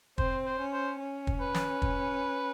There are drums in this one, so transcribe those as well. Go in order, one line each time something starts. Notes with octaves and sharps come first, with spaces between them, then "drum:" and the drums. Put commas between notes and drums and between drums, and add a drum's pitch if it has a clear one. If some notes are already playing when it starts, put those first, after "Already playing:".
C4 C5, drum: kick
C5
C#4
C5
C#4
drum: kick
B4
drum: snare
drum: kick